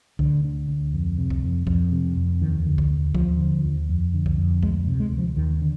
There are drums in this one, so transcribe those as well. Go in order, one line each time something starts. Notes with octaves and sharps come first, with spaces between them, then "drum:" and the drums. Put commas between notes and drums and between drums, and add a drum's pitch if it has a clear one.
D2 D3, drum: kick C#2
D3
D2
F2
C3
drum: kick C#2
F2
F2, drum: kick C#2
C3
F2
D#2 D#3
D3
drum: kick C#2
D#2
D#2 F3, drum: kick C#2
D3
D#2
F2
D3
drum: kick C#2
F2
D2 G#3, drum: kick C#2
C3
G#3
D2
F3
D#2 D#3
D3